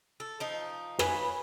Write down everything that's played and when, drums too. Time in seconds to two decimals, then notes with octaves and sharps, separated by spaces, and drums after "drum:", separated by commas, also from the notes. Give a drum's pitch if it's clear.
0.20 A4
0.40 F3 D#4
0.99 B4 C#5 G#5 B5, drum: rim click